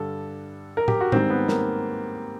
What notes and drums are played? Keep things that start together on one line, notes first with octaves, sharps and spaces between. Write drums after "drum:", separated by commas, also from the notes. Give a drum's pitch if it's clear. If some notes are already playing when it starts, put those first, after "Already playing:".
Already playing: G2 D3 G3 A4
A#4
G4, drum: tom
F#4
G#2 D#3 G3 C4, drum: tom
B3
A#3, drum: snare